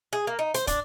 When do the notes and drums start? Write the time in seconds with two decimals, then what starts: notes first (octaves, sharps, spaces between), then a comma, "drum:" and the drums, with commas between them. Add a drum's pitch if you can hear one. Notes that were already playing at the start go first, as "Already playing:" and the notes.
0.13 G#4
0.27 A#3
0.39 D#4
0.54 C5, drum: hi-hat
0.67 D4, drum: kick, hi-hat